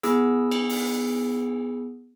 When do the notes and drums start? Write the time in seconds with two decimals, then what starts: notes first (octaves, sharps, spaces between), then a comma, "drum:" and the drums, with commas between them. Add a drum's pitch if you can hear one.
0.03 B3 E4 G#4 E6, drum: hi-hat
0.51 drum: cymbal
0.69 drum: open hi-hat